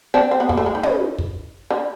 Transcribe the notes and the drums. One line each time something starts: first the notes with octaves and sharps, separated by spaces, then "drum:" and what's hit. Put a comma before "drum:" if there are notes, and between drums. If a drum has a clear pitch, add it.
C4 D4
C4
B3
A#3, drum: kick
A3
G#3
D#3
C#3, drum: tom
drum: kick
D3